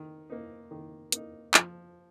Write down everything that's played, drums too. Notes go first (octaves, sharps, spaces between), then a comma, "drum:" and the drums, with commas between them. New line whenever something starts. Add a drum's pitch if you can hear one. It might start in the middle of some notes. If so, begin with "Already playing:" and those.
Already playing: D#3
A#3 D#4
D#3
A#3 D#4, drum: hi-hat
F3, drum: clap